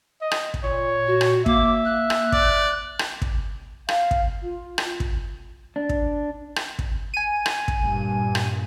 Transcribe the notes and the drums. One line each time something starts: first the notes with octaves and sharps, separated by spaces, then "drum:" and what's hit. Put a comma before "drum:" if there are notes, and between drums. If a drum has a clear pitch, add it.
D#5
drum: rim click
drum: kick
A#2 C#5
F#4
drum: rim click
A#3 E5 D6, drum: kick
F#6
drum: rim click
D5, drum: kick
drum: rim click
drum: kick
F5, drum: rim click
drum: kick
F4
drum: rim click
drum: kick
D4
drum: kick
drum: rim click
drum: kick
G#5 D#7
drum: rim click
drum: kick
G2 A#2
drum: rim click